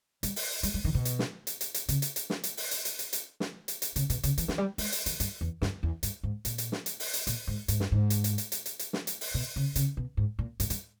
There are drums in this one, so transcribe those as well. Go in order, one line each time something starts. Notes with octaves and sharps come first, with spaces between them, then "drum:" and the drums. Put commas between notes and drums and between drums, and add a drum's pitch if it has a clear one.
G3, drum: hi-hat
drum: open hi-hat
G3, drum: hi-hat
G3
D#3
B2
drum: hi-hat
drum: snare
drum: hi-hat
drum: hi-hat
drum: hi-hat
C#3, drum: hi-hat
drum: hi-hat
drum: hi-hat
drum: snare
drum: hi-hat
drum: open hi-hat
drum: hi-hat
drum: hi-hat
drum: hi-hat
drum: hi-hat
drum: snare
drum: hi-hat
drum: hi-hat
C#3, drum: hi-hat
B2, drum: hi-hat
C#3, drum: hi-hat
E3, drum: hi-hat
E3, drum: snare
G3
G#3, drum: open hi-hat
drum: hi-hat
E3, drum: hi-hat
G2, drum: hi-hat
E2
G2, drum: snare
E2
G2, drum: hi-hat
G#2
A#2, drum: hi-hat
drum: hi-hat
drum: snare
drum: hi-hat
drum: open hi-hat
drum: hi-hat
A#2, drum: hi-hat
G#2
G#2, drum: hi-hat
G2, drum: snare
G#2
drum: hi-hat
drum: hi-hat
drum: hi-hat
drum: hi-hat
drum: hi-hat
drum: hi-hat
drum: snare
drum: hi-hat
drum: open hi-hat
B2
C#3
C#3, drum: hi-hat
B2
G#2
A#2
G#2, drum: hi-hat
G2, drum: hi-hat